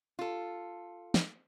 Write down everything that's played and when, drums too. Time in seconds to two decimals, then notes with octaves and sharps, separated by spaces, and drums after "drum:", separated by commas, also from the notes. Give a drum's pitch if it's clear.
0.19 F4 A4
1.14 drum: snare